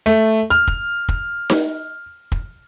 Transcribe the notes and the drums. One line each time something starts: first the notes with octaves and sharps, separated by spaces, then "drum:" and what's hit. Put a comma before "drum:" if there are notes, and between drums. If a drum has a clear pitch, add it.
A3
F6
drum: kick
drum: kick
drum: snare D#4
drum: kick